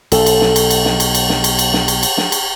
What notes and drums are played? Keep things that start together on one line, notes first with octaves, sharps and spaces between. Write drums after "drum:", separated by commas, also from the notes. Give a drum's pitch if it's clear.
B1 A4, drum: cymbal
drum: cymbal
drum: snare
drum: cymbal
drum: cymbal
drum: snare
drum: cymbal
drum: cymbal
drum: snare
drum: cymbal
drum: cymbal
drum: snare
drum: cymbal
drum: cymbal
drum: snare
drum: cymbal